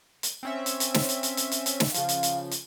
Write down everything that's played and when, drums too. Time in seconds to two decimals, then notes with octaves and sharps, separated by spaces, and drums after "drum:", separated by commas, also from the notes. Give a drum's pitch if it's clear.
0.23 drum: hi-hat
0.43 C4 C#4 E5
0.66 drum: hi-hat
0.80 drum: hi-hat
0.94 drum: snare
1.09 drum: hi-hat
1.23 drum: hi-hat
1.37 drum: hi-hat
1.51 drum: hi-hat
1.66 drum: hi-hat
1.80 drum: snare
1.94 C#3 F3 F5, drum: hi-hat
2.09 drum: hi-hat
2.23 drum: hi-hat
2.51 drum: hi-hat